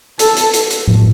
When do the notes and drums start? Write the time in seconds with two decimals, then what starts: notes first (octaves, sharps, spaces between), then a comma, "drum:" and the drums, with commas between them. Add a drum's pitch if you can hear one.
0.19 A4, drum: hi-hat
0.37 drum: hi-hat
0.54 drum: hi-hat
0.71 drum: hi-hat
0.88 drum: tom A2